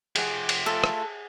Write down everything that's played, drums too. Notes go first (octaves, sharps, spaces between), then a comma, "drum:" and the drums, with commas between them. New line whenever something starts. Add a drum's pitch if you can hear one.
F3 G4 G#4 F#5, drum: cymbal
drum: cymbal
A3 F4 A4 E5
drum: rim click